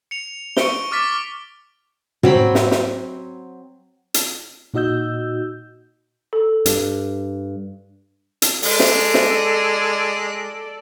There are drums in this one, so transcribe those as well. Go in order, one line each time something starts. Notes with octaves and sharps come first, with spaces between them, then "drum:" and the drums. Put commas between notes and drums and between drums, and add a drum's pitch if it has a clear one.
C#7 F7
C#6 C#7 D7 G7, drum: snare
D6 F6 A6 B6
F#3 C4 B5, drum: tom
drum: snare
drum: snare
drum: hi-hat
A#2 D#4 F#4 D#5 E6 G6
A4
G2, drum: hi-hat
drum: hi-hat
G#3 A4 D5, drum: open hi-hat
drum: snare
drum: snare